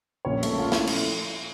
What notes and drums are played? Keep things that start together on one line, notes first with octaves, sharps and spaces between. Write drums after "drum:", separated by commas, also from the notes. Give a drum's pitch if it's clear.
A#1 A#2 F3 C#4 C#5
A3 A4, drum: cymbal
F4
E4, drum: snare
drum: cymbal